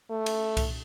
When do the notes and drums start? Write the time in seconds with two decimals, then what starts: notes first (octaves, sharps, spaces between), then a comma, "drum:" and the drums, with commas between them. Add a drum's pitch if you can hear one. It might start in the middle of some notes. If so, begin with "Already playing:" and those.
0.11 A3
0.26 drum: cymbal
0.57 drum: kick C2, cymbal